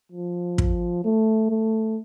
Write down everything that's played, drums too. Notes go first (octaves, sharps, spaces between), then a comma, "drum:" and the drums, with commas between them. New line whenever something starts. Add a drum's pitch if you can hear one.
F3
drum: kick
A3
A3